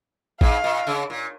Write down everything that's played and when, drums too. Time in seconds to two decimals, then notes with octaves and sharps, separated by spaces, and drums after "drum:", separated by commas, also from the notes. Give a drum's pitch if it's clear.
0.41 G#2 F5, drum: kick
0.64 A#2
0.87 C#3
1.10 A#2